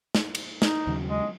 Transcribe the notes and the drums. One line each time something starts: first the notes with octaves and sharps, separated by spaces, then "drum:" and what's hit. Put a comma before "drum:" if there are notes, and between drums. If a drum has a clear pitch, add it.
drum: snare
drum: cymbal
D#4, drum: snare
D#2 C#3 F#3
G#3